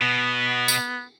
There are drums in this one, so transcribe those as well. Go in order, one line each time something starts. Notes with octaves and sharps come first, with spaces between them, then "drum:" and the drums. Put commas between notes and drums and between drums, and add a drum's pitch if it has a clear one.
B2 B3
drum: tambourine